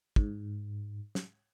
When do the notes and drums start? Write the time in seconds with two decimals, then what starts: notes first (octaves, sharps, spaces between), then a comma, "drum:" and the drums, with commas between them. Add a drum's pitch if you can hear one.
0.16 G#2, drum: kick
1.15 drum: snare